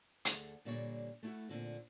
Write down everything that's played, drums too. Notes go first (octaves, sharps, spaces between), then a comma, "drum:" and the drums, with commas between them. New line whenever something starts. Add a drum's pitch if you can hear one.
D2 G#4 A4, drum: hi-hat
A#2 D3 G3 A#3 C#5 D5
A3 E4 F#4
A#2 D3 C4